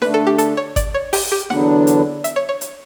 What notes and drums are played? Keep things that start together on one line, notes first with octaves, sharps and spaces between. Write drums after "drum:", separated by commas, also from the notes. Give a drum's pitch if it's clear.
D3 A3 D4 B4, drum: snare D#4
A4
G4
A4, drum: hi-hat
C#5
D5, drum: kick G#1, hi-hat
C#5
G4, drum: open hi-hat
G4
E2 D3 F#3 B3 D4 F#5, drum: snare D#4
drum: hi-hat
E5, drum: hi-hat
C#5
C#5
drum: hi-hat